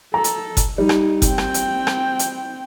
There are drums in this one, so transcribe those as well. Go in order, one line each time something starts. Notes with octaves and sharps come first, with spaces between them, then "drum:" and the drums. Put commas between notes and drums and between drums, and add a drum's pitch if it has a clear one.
A4 A#5
drum: hi-hat
drum: kick F#1, hi-hat
G3 D#4
drum: rim click
C4 G5, drum: kick F#1, hi-hat
drum: rim click
drum: hi-hat
drum: rim click
drum: hi-hat